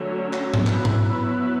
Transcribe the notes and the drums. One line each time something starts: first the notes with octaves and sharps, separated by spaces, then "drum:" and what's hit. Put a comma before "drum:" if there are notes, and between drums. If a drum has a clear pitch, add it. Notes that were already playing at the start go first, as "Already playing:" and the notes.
Already playing: D3 F#3 A3 C#4
drum: clap
drum: tom G#2
F#3 B3 E4 B4, drum: clap
drum: tom G#2